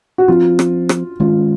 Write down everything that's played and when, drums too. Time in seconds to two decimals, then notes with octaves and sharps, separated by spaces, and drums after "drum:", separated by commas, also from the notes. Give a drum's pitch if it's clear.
0.18 F#4
0.28 F3 C4 F4
0.59 drum: rim click
0.89 drum: rim click
1.20 D#3 G#3 C#4 F4